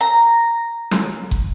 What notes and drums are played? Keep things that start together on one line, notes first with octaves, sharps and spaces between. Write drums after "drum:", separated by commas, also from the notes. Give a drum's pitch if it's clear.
A#5
drum: snare
drum: kick